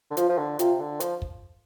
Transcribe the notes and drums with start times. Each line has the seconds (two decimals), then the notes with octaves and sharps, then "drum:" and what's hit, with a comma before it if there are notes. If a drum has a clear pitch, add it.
0.11 D3
0.17 F3 F4, drum: hi-hat
0.29 F3
0.38 D3
0.59 C3 F4, drum: hi-hat
0.80 D3
1.00 F3, drum: hi-hat
1.22 drum: kick